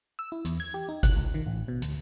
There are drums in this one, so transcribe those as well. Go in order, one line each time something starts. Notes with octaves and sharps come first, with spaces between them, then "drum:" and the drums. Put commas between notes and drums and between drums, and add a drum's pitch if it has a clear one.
E6
E4
E2, drum: hi-hat
G#6
G4
D#4
F#6, drum: kick G1, hi-hat
C#2
D#3
A1
B2
D2, drum: hi-hat